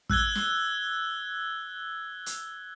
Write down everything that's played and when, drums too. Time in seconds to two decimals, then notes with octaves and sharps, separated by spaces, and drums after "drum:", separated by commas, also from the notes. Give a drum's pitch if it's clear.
0.10 E6 F#6 G#6 G7, drum: kick
0.35 drum: snare
2.26 drum: hi-hat